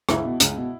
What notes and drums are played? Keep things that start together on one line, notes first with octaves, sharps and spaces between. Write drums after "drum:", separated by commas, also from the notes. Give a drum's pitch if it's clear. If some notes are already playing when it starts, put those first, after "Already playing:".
C#2 E4, drum: rim click
B2
C#2, drum: hi-hat
B2